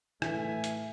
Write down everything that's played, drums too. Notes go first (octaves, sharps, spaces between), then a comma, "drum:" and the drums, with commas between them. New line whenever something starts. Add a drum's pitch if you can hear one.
A2 E3 A3 E5 G#5, drum: rim click
drum: hi-hat